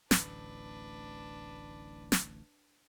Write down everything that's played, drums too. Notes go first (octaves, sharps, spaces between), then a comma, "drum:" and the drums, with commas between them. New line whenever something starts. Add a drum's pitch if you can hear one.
D1 A1 A2 D4 B4, drum: snare
drum: snare